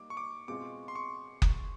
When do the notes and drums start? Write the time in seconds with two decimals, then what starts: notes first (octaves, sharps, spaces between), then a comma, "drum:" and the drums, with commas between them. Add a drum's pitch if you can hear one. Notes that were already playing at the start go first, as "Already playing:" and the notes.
Already playing: G3 A#3 D#4 D6
0.10 C#6
0.17 D6
0.48 B2 G#3 C4 F4 D6
0.88 C6
0.95 C#6
1.42 drum: kick F#1